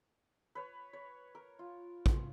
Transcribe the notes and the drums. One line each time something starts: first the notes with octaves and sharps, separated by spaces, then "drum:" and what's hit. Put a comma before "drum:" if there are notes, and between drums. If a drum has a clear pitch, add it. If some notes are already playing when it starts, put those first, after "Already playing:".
B4 C#5
C#5
A#4
F4
drum: kick